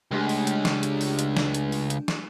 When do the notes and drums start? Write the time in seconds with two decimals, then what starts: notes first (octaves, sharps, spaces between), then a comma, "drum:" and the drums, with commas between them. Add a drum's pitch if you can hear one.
0.11 C#2 G#3 A3 D4 G4
0.29 drum: open hi-hat
0.47 drum: hi-hat
0.65 drum: snare
0.83 drum: hi-hat
1.01 drum: open hi-hat
1.19 drum: hi-hat
1.37 drum: snare
1.54 drum: hi-hat
1.72 drum: open hi-hat
1.90 drum: hi-hat
2.08 drum: snare